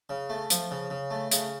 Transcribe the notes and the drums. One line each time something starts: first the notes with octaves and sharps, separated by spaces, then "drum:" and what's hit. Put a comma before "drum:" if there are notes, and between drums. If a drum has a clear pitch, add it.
C#3
A3
F3, drum: hi-hat
C#3
C#3
A3
C#3, drum: hi-hat